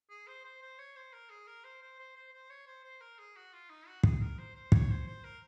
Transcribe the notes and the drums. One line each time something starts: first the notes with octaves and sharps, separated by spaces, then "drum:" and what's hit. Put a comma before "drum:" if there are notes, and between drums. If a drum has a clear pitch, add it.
G#4
C5
C5
C5
C#5
C5
A#4
G#4
A#4
C5
C5
C5
C5
C5
C#5
C5
C5
A#4
G#4
F#4
F4
D#4
F#4
G#4, drum: kick
A#4
C5
C5
C#5, drum: kick
C5
C5
A#4